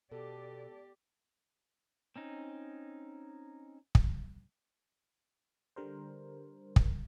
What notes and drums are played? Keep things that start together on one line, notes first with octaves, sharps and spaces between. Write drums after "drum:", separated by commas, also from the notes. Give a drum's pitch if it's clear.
B2 G4 A4 D5
C4 C#4 D#4
drum: kick
D3 G3 A#4 C5
drum: kick